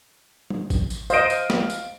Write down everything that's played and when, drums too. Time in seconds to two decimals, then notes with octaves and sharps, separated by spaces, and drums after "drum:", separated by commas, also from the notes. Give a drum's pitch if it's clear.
0.50 drum: tom G3
0.70 drum: kick A1, tambourine
0.90 drum: tambourine
1.10 C5 D#5 F5 D7, drum: tambourine
1.30 drum: tambourine
1.50 drum: snare
1.70 drum: tambourine